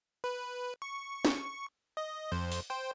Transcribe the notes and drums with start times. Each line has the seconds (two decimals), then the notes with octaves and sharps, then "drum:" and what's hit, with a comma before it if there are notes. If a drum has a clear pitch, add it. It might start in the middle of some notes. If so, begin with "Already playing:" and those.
0.24 B4
0.82 C#6
1.25 drum: snare
1.97 D#5
2.32 F2 C5
2.52 drum: open hi-hat
2.70 C5 G5